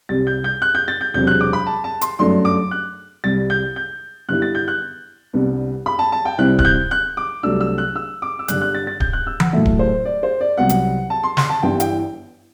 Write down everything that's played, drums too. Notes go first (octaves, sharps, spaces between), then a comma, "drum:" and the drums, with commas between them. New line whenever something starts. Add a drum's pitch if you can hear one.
C2 C3 G3 A6
G6
G6
F#6
G6
A6
G6
E1 E2 C3 F#3 C4 G6
F#6
D6
B5
A5
A5
C6, drum: hi-hat
G1 F#2 F#3 A3 D4 C6
D6
F#6
C2 C3 G3 A6
G6
G6
G2 D3 G3 B3 E4 F#6
A6
G6
F#6
C2 C3 G3 B3 D4
B5
A5
A5
G5
C2 C3 G3 C4 E4 F#6
F#6, drum: kick D1
G6
F#6
D6
C2 C3 F#3 A3 D4 E6
E6
F#6
E6
D6
E6
G1 G2 D3 G3 F#6, drum: hi-hat
F#6
A6
A6
G6, drum: kick D1
F#6
E6
F#5, drum: tom E3
A2 F#3 A3 E5
drum: kick D1
C5
D5
C5
D5
C2 C3 F#3 B3 F#5
drum: hi-hat
A5
C6
C6, drum: snare
A5
G1 G2 E3 B3 E4 G5
G5, drum: hi-hat